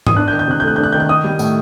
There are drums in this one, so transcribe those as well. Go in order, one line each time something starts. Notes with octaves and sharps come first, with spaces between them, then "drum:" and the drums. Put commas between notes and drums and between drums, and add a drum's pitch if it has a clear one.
D#6, drum: tom G#2
D4 F#6
G6
D#3
G6
C3 F#6
G6
A3 F#6
D4 G6
F#6
D#3 G6
F#6
D#4 D#6
G3
A2, drum: tambourine